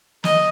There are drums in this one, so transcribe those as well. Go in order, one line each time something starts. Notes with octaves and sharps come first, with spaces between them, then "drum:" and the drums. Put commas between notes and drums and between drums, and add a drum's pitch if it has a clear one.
D#5, drum: snare